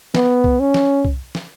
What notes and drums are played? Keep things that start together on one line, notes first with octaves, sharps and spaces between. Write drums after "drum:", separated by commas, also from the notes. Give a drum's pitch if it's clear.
B3, drum: snare
drum: kick C2
C#4
drum: snare
drum: kick C2
drum: snare